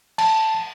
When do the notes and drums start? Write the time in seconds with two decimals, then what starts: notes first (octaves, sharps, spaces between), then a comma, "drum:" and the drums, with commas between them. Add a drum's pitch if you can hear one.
0.18 A5, drum: cymbal